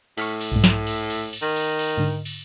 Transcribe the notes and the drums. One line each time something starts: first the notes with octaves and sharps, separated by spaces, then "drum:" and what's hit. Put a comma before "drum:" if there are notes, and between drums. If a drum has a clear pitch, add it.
A2 C#6 F6 B6, drum: cymbal
drum: cymbal
B1 G#2
drum: snare
drum: cymbal
drum: cymbal
drum: cymbal
D#3
drum: cymbal
drum: cymbal
G#2 D3
drum: cymbal